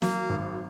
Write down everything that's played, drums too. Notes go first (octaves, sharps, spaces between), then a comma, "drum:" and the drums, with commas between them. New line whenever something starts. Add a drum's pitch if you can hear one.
F#3 A#3, drum: snare
G#1